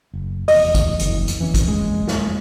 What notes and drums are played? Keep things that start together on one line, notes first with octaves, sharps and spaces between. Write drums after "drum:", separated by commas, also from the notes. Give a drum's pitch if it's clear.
F#1
F1 E2 D#5, drum: open hi-hat
drum: kick, hi-hat
F#1, drum: hi-hat
drum: hi-hat
F#1 F2 E3 C#4
drum: kick, hi-hat
G#3
drum: snare